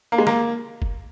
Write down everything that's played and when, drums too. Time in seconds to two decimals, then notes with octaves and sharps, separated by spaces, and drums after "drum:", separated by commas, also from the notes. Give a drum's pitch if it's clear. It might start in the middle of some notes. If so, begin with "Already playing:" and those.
0.12 A#3
0.18 G#3
0.27 A#3, drum: snare
0.82 drum: kick